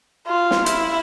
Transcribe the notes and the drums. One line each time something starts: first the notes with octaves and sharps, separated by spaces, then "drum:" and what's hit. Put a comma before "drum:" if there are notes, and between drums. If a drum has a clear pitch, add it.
F4
drum: snare
E4, drum: hi-hat